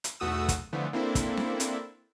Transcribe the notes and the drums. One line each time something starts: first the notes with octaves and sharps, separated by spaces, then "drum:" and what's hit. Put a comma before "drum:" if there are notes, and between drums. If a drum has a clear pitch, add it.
drum: hi-hat
B1 E2 A3 F#4 D#6 E6
drum: kick, hi-hat
D3 E3 F3 A3 B3
A#3 C4 D4 E4 A4
drum: kick, hi-hat
drum: snare
drum: hi-hat